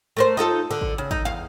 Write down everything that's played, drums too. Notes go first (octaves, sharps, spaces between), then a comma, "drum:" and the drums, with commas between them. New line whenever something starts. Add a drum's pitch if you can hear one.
A3 A#4 C5
D#4 F4 A4
D3
drum: kick G#1
C#3
D#4, drum: kick G#1
E2 F5